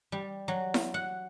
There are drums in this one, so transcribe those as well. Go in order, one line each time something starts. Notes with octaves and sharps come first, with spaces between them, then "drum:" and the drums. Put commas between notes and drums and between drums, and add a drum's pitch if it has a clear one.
G3
F#3
drum: snare E4
F#5